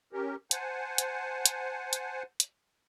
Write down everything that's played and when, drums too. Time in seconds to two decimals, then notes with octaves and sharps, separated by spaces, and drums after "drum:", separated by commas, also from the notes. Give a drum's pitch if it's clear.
0.13 C#4 G4 A#4
0.51 C5 F#5 G#5 A5, drum: hi-hat
0.98 drum: hi-hat
1.46 drum: hi-hat
1.93 drum: hi-hat
2.40 drum: hi-hat